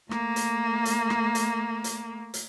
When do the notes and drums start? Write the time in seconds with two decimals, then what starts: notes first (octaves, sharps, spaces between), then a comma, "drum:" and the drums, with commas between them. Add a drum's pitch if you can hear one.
0.11 A3 A#3, drum: rim click
0.36 drum: hi-hat
0.85 drum: hi-hat
1.10 drum: rim click
1.35 drum: hi-hat
1.84 drum: hi-hat
2.34 drum: hi-hat